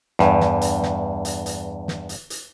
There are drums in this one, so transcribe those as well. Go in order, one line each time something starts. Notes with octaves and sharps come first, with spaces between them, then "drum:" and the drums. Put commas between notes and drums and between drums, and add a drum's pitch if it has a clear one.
E2 G2, drum: snare
drum: snare
drum: hi-hat
drum: snare
drum: hi-hat
drum: hi-hat
drum: snare
drum: hi-hat
drum: hi-hat